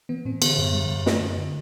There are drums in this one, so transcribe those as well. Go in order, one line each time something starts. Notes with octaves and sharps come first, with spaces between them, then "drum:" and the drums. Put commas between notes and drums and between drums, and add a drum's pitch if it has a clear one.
E3 B3
A2 C4
D3 B3, drum: cymbal
F#2
D3 G3
F#2
D3 A3, drum: snare
F#2
D3